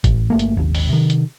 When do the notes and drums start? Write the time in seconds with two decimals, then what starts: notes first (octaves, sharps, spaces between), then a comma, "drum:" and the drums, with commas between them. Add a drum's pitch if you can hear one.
0.04 A1, drum: kick G1, hi-hat
0.30 G1 A3 A#3
0.39 drum: hi-hat
0.57 D#1 G#1 D#2
0.75 drum: open hi-hat
0.89 C3 D#3
1.10 drum: hi-hat